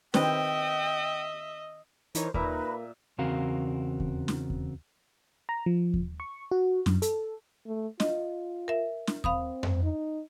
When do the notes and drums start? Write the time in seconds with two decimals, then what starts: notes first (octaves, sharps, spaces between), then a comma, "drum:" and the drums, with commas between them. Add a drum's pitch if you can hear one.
0.14 D#3 C4 B4 D#5 E5 G5, drum: snare
2.15 E3 D#4 A#4 C5 C#5, drum: hi-hat
2.34 A#2 A#3 D#4 B4 E5 B5, drum: kick D#2
3.18 E2 C#3 C4 F#4 A#4 F5
4.00 drum: kick D#2
4.28 drum: snare
4.50 drum: kick D#2
5.49 A#5
5.66 F3
5.94 drum: kick D#2
6.20 C#6
6.51 F#4
6.86 F#2, drum: snare
7.02 A4, drum: hi-hat
7.66 A3
8.00 F4 D#5, drum: snare
8.68 A#4 E5
9.07 drum: snare
9.24 C4 F5 B5 D#6, drum: kick D#2
9.63 drum: tom F2
9.83 D#4